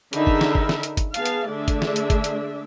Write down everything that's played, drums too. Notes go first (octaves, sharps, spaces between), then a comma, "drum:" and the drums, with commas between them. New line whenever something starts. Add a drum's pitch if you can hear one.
D3 D#4 G#4 A#4 E5 B5, drum: hi-hat
drum: kick G1
drum: snare
drum: kick G1
drum: snare
drum: hi-hat
drum: kick G1, hi-hat
B3 G#4 F5 A5, drum: hi-hat
drum: hi-hat
D3 A3 D4 G#4 D5 E5
drum: kick G1, hi-hat
drum: snare
drum: hi-hat
drum: kick G1, hi-hat
drum: hi-hat